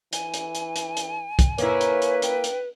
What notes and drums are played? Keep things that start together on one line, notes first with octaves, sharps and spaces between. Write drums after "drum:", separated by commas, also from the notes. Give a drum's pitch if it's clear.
E3 G#5, drum: hi-hat
drum: hi-hat
drum: hi-hat
drum: hi-hat
drum: hi-hat
drum: kick, hi-hat
A#3 E4 B4 C#5, drum: hi-hat
drum: hi-hat
drum: hi-hat
G5, drum: hi-hat
drum: hi-hat